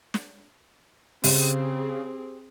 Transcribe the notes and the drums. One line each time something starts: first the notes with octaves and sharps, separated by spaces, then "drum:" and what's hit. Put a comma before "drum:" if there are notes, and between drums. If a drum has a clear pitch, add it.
drum: snare
C#3 C4 G4 G#4 C5, drum: open hi-hat